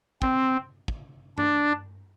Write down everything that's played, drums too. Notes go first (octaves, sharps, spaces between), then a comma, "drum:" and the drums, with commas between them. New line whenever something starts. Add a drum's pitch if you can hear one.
C4, drum: kick
drum: kick
D4, drum: tom G2